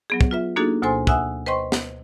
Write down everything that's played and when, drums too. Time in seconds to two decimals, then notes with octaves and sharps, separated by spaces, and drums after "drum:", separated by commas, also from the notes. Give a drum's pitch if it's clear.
0.10 F#3 B3 G#4
0.21 drum: kick
0.31 F4 B4 E5
0.56 A#3 D4 D#4 F#4 G#4 A4
0.82 D2 B2 A4 C5 G#5 C6
1.07 E5 F#5 G#5 D#6 E6 F#6, drum: kick
1.46 B4 C5 D#5 G5 C6 C#6
1.72 drum: snare